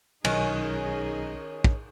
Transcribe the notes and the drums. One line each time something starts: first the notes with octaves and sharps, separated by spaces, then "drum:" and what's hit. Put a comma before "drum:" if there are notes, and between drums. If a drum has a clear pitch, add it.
B1 D#3 C#4 D#4 G#4, drum: cymbal
drum: kick